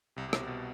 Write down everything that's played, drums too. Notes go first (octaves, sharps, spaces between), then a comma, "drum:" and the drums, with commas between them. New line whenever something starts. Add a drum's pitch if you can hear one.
C2 C3
C3
B2, drum: rim click
B2